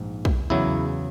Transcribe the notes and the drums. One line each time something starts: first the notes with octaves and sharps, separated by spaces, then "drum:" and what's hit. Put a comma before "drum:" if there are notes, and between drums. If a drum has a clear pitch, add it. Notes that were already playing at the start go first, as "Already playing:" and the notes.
Already playing: A#1 G#2
drum: kick
E2 C#3 F#3 E4